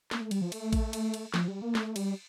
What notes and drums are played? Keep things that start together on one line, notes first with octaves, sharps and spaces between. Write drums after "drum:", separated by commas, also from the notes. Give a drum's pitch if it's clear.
A#3, drum: snare
A3
G3, drum: cymbal
F3
A3, drum: cymbal
drum: kick A1, cymbal
drum: cymbal
drum: cymbal
F3, drum: snare
G3
A#3
A3, drum: snare
G3, drum: cymbal